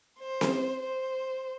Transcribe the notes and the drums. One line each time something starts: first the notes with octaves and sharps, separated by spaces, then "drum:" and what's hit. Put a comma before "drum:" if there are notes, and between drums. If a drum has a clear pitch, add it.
C5
drum: snare C4
C5